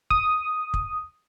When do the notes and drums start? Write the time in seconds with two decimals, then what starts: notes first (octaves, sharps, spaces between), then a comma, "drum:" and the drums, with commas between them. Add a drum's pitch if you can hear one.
0.10 D#6, drum: kick
0.74 drum: kick